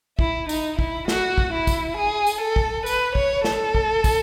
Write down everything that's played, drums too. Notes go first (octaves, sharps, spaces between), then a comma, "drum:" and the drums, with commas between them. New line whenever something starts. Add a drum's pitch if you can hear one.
E4, drum: kick
D#4, drum: tambourine
E4, drum: kick
F#4, drum: snare
drum: kick
E4
drum: kick, tambourine
G#4
drum: tambourine
A4
drum: kick
B4, drum: tambourine
C#5, drum: kick
A4, drum: snare
drum: kick
drum: kick, tambourine